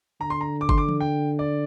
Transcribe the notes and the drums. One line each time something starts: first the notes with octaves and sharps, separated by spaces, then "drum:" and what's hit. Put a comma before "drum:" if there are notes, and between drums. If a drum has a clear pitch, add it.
D3 A#5
C6
A#5
D6
C6, drum: kick G1
D6
drum: tom E3
G5
D5